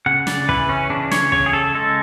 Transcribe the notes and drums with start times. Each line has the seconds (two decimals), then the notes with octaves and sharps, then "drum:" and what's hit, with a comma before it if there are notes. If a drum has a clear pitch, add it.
0.06 C#3 F#5
0.27 D5, drum: snare
0.49 E3 B4, drum: kick
0.69 C#4
0.90 C#3 D4
1.11 C#5, drum: snare
1.32 C#3 C#5, drum: kick
1.46 G#4
1.53 A4
1.74 G#3 A4